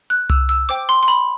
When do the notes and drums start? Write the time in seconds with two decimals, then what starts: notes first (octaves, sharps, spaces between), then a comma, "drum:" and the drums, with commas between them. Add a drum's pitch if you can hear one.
0.10 F#6
0.30 E6, drum: tom C2
0.49 E6
0.69 C5 G5 D6
0.89 C6
1.03 C6
1.08 B5